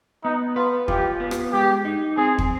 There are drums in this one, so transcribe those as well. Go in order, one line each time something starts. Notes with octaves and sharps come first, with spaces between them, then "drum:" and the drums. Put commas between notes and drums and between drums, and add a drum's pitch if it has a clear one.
B3 D#4
F4 B4
F4 G4, drum: kick
B3
drum: rim click
G#3 G4
D#4
C4 G#4
drum: kick